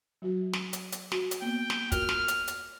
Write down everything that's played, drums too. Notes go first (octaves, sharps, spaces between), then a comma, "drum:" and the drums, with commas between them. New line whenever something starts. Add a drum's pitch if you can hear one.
F#3 F#4
drum: snare
drum: hi-hat
drum: hi-hat
F#4, drum: snare
drum: hi-hat
A#3 B3 G5
drum: snare
F4 F#4 A#4 F6, drum: kick, hi-hat
drum: snare
drum: hi-hat
drum: hi-hat